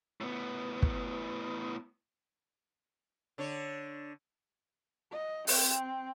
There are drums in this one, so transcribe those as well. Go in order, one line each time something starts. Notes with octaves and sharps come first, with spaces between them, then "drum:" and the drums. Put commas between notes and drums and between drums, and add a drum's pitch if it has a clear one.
A2 B3
drum: kick
D3 D4 C#5
D#5
C4, drum: open hi-hat